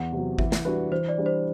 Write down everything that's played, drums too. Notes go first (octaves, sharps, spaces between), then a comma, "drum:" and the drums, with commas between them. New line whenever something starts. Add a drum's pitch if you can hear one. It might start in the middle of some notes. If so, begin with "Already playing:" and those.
Already playing: E2 F#5
C3 F#3
E3 E5, drum: kick G#1
drum: snare
G3 D4 F#4 B4
E3 C5
D5
G3 D4
C5